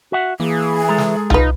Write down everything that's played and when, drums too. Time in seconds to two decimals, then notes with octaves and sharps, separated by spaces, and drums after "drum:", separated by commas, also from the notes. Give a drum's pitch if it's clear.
0.12 F#4 E5 F#5
0.40 E3 A#3 G#4
0.88 G#3 A4 A#5
0.98 drum: snare
1.30 D#4 F4 B4, drum: tom C2